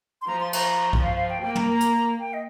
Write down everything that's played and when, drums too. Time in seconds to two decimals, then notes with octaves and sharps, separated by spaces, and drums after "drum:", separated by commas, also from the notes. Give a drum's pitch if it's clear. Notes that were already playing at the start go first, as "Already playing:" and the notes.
0.22 C6
0.27 F3 A#5
0.40 C6
0.53 A#5, drum: cymbal
0.93 drum: kick B1
1.04 F5
1.17 F5
1.30 G5
1.42 A#3 G5
1.55 A#5, drum: tom
1.68 A#5
1.80 drum: hi-hat
2.20 G5
2.33 D#5